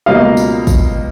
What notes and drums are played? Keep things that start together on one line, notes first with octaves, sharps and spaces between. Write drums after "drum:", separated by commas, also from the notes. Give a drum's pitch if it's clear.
C#2 B2 G3 A#3 D#5 F5
drum: tambourine
drum: kick, tambourine